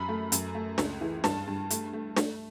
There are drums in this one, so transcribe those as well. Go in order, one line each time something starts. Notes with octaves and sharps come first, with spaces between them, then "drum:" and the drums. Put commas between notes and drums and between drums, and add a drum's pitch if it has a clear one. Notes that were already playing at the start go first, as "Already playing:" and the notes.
Already playing: F#2 B5
A3
F#2, drum: hi-hat
A3
C#2, drum: snare
E3
G2 A5, drum: snare
G2
A3, drum: hi-hat
A3
A3, drum: snare